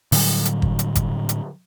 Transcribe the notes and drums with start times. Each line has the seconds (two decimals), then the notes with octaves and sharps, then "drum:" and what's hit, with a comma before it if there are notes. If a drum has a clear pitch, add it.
0.12 A2 D3 F#3 G3, drum: open hi-hat
0.45 drum: hi-hat
0.62 drum: kick
0.79 drum: hi-hat
0.95 drum: kick, hi-hat
1.29 drum: hi-hat